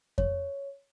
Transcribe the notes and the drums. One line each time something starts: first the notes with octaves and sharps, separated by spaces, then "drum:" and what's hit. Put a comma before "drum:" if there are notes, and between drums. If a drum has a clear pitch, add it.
C#5, drum: kick F2